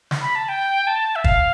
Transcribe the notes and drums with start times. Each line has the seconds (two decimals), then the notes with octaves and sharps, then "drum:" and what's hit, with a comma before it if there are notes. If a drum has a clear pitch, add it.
0.11 drum: snare
0.21 B5
0.35 A5
0.49 G5
0.87 A5
1.16 E5
1.24 F5, drum: kick